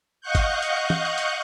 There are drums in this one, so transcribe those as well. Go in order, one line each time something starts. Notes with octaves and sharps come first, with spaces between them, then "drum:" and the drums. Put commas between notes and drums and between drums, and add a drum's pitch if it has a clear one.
D#5 F5 F#5 C#6 F#6 G6
drum: kick, hi-hat
drum: hi-hat
drum: tom
drum: hi-hat